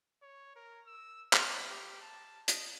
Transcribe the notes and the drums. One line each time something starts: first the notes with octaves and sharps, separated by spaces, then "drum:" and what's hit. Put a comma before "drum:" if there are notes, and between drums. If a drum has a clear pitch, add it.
C#5
A#4
E6
D6, drum: clap
G4
A5
D#5, drum: hi-hat